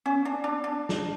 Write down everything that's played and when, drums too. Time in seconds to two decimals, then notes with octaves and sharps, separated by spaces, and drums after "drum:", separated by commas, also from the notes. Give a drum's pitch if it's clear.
0.06 C#4
0.25 D4
0.44 D4
0.64 D4
0.89 drum: snare